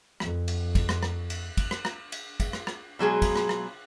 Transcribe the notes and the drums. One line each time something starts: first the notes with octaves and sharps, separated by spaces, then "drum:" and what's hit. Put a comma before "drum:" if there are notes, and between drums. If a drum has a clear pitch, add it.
F2, drum: rim click
drum: cymbal
drum: kick, cymbal
drum: rim click
drum: rim click
drum: cymbal
drum: kick, cymbal
drum: rim click
drum: rim click
drum: cymbal
drum: kick, cymbal
drum: rim click
drum: rim click
B2 F#3 G#3 G#4
drum: kick, cymbal
drum: rim click
drum: rim click